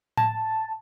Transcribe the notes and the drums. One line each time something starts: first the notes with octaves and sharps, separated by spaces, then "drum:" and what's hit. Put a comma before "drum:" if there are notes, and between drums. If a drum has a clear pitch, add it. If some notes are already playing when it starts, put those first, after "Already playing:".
A5, drum: tom A2